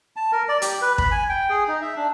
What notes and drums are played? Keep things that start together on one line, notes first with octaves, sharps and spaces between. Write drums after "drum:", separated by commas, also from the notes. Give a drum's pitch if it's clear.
A5
A#4
D5
G4, drum: hi-hat
B4
B5, drum: kick
G#5
G5
G#4
D#4
E5
D4